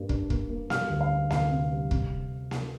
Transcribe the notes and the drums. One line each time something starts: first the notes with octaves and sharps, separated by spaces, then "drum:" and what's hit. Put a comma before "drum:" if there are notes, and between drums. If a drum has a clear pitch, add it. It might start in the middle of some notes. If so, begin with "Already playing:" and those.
Already playing: G2 G3 A#3
D4, drum: kick
A#3, drum: kick
A#3
G3 F5 F6, drum: snare A#3
D2
F5
D4
D2 F5, drum: snare A#3
C3
G3
C3, drum: kick
drum: snare A#3